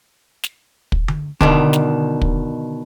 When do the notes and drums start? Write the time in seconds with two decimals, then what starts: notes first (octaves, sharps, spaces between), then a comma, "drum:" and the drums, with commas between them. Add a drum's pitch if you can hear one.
0.44 drum: snare
0.92 drum: kick
1.08 drum: tom D3
1.41 B2 D3 D#3 D4, drum: kick
1.73 drum: snare
2.21 drum: kick